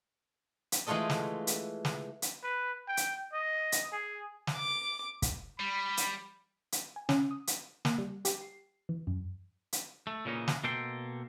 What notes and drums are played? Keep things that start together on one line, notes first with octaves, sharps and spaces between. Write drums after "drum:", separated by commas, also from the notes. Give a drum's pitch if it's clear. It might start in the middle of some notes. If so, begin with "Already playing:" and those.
drum: hi-hat
E3 G#3 A3 F4 A4 D#5
drum: snare
drum: hi-hat
drum: snare
drum: hi-hat
B4
G5
drum: hi-hat
D#5
drum: hi-hat
G#4
drum: snare
D6
drum: kick, hi-hat
G3 B5
drum: hi-hat
drum: hi-hat
G#5
C#4, drum: snare
D#6
drum: hi-hat
A#3, drum: snare
G3
G4, drum: hi-hat
C7
E3
F#2
drum: hi-hat
A3
A#2 C#3 E3 C#4 D#4
drum: snare
B2 A#3 A4 G5 C6